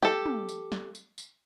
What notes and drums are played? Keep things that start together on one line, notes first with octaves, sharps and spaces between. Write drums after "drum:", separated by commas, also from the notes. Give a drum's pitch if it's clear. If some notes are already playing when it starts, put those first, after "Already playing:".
G4 A4, drum: snare
drum: tom
drum: tambourine
drum: snare
drum: tambourine
drum: tambourine